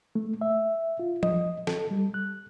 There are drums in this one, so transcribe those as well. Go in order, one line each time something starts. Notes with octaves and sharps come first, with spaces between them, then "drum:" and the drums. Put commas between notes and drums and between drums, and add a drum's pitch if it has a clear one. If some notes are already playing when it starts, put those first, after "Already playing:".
A3
E5
F4
D#5, drum: tom F3
A4, drum: snare
G3
F#6